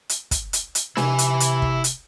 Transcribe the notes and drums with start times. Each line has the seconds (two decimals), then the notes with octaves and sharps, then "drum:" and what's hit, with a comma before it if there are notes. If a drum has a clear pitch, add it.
0.09 drum: hi-hat
0.31 drum: kick, hi-hat
0.53 drum: hi-hat
0.75 drum: hi-hat
0.97 C3 E4 G#5, drum: snare
1.19 drum: hi-hat
1.40 drum: hi-hat
1.62 drum: kick
1.84 drum: hi-hat